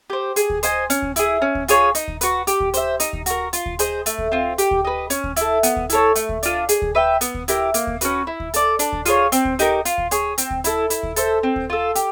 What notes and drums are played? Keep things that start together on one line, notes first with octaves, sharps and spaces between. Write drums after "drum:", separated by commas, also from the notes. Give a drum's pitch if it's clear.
G4 C5
G#4, drum: hi-hat
drum: kick D2
C5 D#5 G#5, drum: hi-hat
C#4, drum: hi-hat
drum: kick D2
E4 G#4, drum: hi-hat
C#4
drum: kick D2
F4 G#4 C#5, drum: hi-hat
D#4, drum: hi-hat
drum: kick D2
F#4 B4, drum: hi-hat
G4, drum: hi-hat
drum: kick D2
C5 E5, drum: hi-hat
D#4, drum: hi-hat
drum: kick D2
F#4 A#4, drum: hi-hat
F4, drum: hi-hat
drum: kick D2
G#4 C5 D#5, drum: hi-hat
A3, drum: hi-hat
drum: kick D2
C4 F4
G4, drum: hi-hat
drum: kick D2
B4 D#5
C#4, drum: hi-hat
drum: kick D2
E4 A4, drum: hi-hat
B3, drum: hi-hat
drum: kick D2
E4 A4 C#5, drum: hi-hat
A3, drum: hi-hat
drum: kick D2
D4 F4, drum: hi-hat
G#4, drum: hi-hat
drum: kick D2
B4 E5 G5
B3, drum: hi-hat
drum: kick D2
E4 G4 A#4, drum: hi-hat
A#3, drum: hi-hat
drum: kick D2
C#4 F#4 B4, drum: hi-hat
E4
drum: kick D2
A4 D5, drum: hi-hat
D4, drum: hi-hat
drum: kick D2
F4 G#4 C#5, drum: hi-hat
C4, drum: hi-hat
drum: kick D2
D#4 G4 A#4, drum: hi-hat
F4, drum: hi-hat
drum: kick D2
G#4 C#5, drum: hi-hat
C4, drum: hi-hat
drum: kick D2
E4 A4, drum: hi-hat
E4, drum: hi-hat
drum: kick D2
A4 C5 E5, drum: hi-hat
C4
drum: kick D2
F4 A4
G4, drum: hi-hat